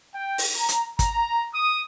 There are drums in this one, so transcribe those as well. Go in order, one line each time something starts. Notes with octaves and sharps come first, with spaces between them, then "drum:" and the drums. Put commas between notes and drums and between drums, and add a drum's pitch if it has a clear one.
G5
drum: open hi-hat
A#5
drum: hi-hat
A#5, drum: kick, hi-hat
D#6